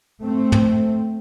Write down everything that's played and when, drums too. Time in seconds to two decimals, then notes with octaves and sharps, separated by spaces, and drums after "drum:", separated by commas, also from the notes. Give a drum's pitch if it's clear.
0.23 A3 C4
0.52 drum: tom